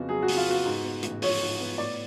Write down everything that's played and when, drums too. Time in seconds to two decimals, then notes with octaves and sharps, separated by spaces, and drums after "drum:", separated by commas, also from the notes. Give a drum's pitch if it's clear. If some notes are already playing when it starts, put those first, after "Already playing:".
Already playing: F2 C#3 B3 F#4
0.09 F#3 G#4
0.22 F#4
0.28 C#3, drum: open hi-hat
0.37 F4
0.47 B3 F#4
0.65 G#2
0.84 B3
1.03 A1, drum: hi-hat
1.22 F3 C#5, drum: open hi-hat
1.41 G#2
1.60 B3
1.78 A2 D5